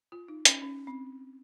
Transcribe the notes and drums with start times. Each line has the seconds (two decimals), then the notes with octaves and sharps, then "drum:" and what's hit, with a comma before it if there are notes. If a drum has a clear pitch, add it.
0.12 F4
0.28 D#4
0.45 C#4, drum: hi-hat
0.62 C#4
0.87 C4